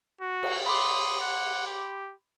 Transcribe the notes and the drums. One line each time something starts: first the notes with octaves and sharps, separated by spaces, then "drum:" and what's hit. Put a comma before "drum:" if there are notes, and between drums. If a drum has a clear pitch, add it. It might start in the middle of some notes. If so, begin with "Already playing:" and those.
F#4
drum: cymbal
B5 C6 D6 D#6
F#5
G4